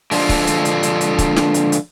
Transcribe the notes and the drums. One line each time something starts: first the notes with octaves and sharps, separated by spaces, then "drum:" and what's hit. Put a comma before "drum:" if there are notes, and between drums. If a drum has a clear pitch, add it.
D3 F3 G#3 D4 F4, drum: open hi-hat
drum: kick, open hi-hat
drum: hi-hat
drum: hi-hat
drum: hi-hat
drum: hi-hat
drum: kick, hi-hat
drum: snare
drum: hi-hat
drum: hi-hat